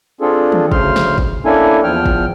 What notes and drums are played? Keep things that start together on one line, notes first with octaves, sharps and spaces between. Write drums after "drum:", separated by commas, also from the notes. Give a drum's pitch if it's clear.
C4 D4 F4 G#4 A4
drum: tom D#3
D2 C#3 C5 C6 F6, drum: kick
drum: snare
drum: kick
A#3 C#4 D4 E4 A4 G#5
E2 F3 G5 F6
drum: kick